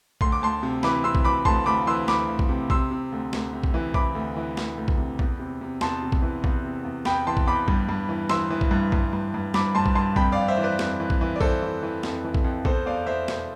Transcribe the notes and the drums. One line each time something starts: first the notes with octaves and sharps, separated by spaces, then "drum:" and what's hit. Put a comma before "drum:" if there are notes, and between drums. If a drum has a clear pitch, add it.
D2 C6, drum: kick
D6
D2 A5 C6
C3
E3 B5 D6, drum: snare
C3 C6 E6
drum: kick
E3 B5 D6
D2 A5 C6, drum: kick
D2 B5 D6
E3 C6 E6
D2 B5 D6, drum: snare
D2
drum: kick
C3
C3 C6 E6, drum: kick
C3
D2
D2, drum: snare
C3
drum: kick
E3
E3 B5 D6, drum: kick
D2
E3
D2, drum: snare
D2
drum: kick
C3
E2, drum: kick
C3
C3
E2 A5 C6, drum: snare
C3
drum: kick
E3
E2, drum: kick
C3
E2
E2 G5 B5, drum: snare
E3 A5 C6
drum: kick
E2 B5 D6
G2, drum: kick
G2
E3
E3 C6 E6, drum: snare
E3
drum: kick
G2
G2, drum: kick
G2
G2
G2 B5 D6, drum: snare
G2 A5 C6
drum: kick
G2 A5 C6
F2 G5 B5, drum: kick
D5 F5
F2
C5 E5
E3
B4 D5
F2, drum: snare
E3
drum: kick
E3
D5
E3 A4 C5, drum: kick
E3
E3
F2, drum: snare
E3
drum: kick
F2
E2 A4 C5, drum: kick
E2 D5 F5
E2 C5 E5
B2, drum: snare